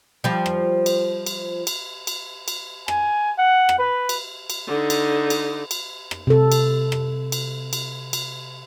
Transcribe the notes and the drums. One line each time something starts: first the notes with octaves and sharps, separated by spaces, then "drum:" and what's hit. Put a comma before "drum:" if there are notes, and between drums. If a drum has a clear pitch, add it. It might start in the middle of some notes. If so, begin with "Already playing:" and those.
F3 G3
drum: rim click
drum: cymbal
drum: cymbal
drum: cymbal
drum: cymbal
drum: cymbal
G#5, drum: rim click
F#5
drum: rim click
B4
drum: cymbal
drum: cymbal
D3 D#4
drum: cymbal
drum: cymbal
drum: cymbal
drum: rim click
C3 A4
drum: cymbal
drum: rim click
drum: cymbal
drum: cymbal
drum: cymbal